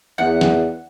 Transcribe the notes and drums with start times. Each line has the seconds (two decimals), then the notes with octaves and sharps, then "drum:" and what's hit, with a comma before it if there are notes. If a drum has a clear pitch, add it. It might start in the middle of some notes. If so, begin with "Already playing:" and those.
0.18 E2 F#5
0.41 drum: snare